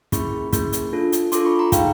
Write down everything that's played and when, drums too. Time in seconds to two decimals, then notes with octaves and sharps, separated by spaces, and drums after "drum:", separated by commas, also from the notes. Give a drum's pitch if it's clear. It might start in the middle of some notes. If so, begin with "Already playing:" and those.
0.12 A#3 C#4 E4 G#4 B5 C#6, drum: kick, hi-hat
0.53 A#3 C#4 E4 G#4, drum: kick, hi-hat
0.72 drum: hi-hat
0.93 D4 F4 A4
1.12 drum: hi-hat
1.32 D4 F4 A4 C6 D6, drum: hi-hat
1.45 B5 C#6
1.59 A#5 C6
1.72 A#3 D#4 G#4 F5 G5, drum: kick, hi-hat